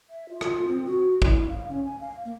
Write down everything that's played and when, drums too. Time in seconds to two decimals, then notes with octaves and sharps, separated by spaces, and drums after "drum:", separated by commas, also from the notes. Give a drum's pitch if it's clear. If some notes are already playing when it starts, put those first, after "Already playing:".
0.10 E5
0.29 F4
0.41 drum: rim click
0.68 C4
0.86 F#4
1.22 E4, drum: kick
1.49 F5
1.69 C#4
1.84 G#5
2.00 F5
2.25 A#3